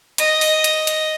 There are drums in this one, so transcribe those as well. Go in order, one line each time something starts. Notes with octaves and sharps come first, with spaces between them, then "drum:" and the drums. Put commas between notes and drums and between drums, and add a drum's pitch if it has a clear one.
D#5, drum: hi-hat
drum: open hi-hat
drum: hi-hat
drum: hi-hat